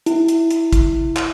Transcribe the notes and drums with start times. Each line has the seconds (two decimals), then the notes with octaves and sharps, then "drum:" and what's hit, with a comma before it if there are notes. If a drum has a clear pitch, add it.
0.06 E4, drum: hi-hat
0.28 drum: hi-hat
0.51 drum: hi-hat
0.73 drum: kick, hi-hat
1.17 drum: clap